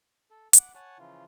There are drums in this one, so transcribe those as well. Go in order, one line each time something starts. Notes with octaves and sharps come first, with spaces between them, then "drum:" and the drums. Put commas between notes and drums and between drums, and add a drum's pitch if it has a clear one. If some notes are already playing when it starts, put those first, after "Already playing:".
A4
F#5 D6, drum: hi-hat
C#5 F#5 G#5 A5
C#3 E3 F3 F4